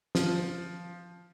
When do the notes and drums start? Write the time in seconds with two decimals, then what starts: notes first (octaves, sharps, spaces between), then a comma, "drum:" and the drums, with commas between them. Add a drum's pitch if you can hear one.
0.15 F3, drum: snare